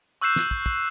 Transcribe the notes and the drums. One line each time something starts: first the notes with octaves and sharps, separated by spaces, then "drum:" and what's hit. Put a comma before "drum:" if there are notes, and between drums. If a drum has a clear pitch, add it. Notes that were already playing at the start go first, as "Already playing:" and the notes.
C#6 E6 F#6 G6 C7 E7
drum: snare
drum: kick
drum: kick